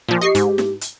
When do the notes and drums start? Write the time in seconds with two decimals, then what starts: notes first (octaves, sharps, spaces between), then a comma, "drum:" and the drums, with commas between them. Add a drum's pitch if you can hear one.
0.08 A#2 F3
0.21 G4 D#5 C#6 C7
0.35 G#2, drum: hi-hat
0.58 drum: snare
0.81 drum: hi-hat